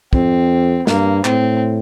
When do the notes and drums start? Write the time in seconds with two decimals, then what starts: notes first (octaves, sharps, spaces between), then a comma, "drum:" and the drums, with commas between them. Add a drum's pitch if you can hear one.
0.13 F2 C4, drum: kick
0.87 G2 A#3, drum: snare
1.25 A2 C4, drum: clap